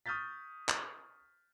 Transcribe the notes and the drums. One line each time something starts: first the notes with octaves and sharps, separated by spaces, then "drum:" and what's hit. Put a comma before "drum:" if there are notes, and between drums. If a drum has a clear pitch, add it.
C#6 D#6 F6 G6 A6 B6
drum: clap